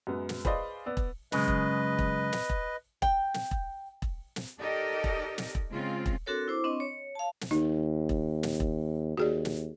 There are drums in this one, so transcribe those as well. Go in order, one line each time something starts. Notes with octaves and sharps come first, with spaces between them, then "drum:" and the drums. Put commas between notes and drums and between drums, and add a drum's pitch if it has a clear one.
F#2 G#3 B3
drum: snare
G#4 B4 C5 D5 D#5 F5, drum: kick E1
B3 D5 E6
drum: kick E1
F#2 C#3 G#3 B4 D#5, drum: snare
drum: kick E1
drum: kick E1
drum: snare
drum: kick E1
G5, drum: kick E1
drum: snare
drum: kick E1
drum: kick E1
drum: snare
D#4 G4 A4 A#4 D5 D#5
drum: kick E1
drum: snare
drum: kick E1
C#3 G#3 C4 F4
drum: kick E1
C4 D4 F#4 A4 A#4 C#5
E4 C5 D6
C4 D4 D#5 C#6
C#5
F5 A5
drum: snare
D#2 D#4
drum: kick E1
drum: snare
drum: kick E1
D#2 F#4 G#4 D5
drum: snare